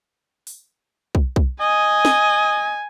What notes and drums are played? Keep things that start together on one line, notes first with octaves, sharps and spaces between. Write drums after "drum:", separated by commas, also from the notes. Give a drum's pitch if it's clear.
drum: open hi-hat
drum: kick
drum: kick
D#5 G#5
drum: snare